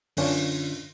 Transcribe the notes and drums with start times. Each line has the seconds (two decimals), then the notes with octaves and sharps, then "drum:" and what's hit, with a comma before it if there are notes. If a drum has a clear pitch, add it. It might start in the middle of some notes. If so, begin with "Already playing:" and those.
0.17 F#2 D3 C#4 D4 F4, drum: open hi-hat